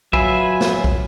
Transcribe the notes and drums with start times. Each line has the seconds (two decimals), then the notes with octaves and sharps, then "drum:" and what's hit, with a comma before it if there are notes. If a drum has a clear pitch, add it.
0.13 F#3 F4 B4 E5 G#5, drum: kick
0.61 drum: snare
0.84 drum: kick